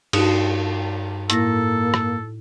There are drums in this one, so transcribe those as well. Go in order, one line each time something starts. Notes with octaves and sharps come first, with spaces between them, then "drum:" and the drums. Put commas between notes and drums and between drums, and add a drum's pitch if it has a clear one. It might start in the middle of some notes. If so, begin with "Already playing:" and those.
G2 D#4 F#4, drum: cymbal
A2 A#3 E4 A4 A#6, drum: hi-hat
drum: rim click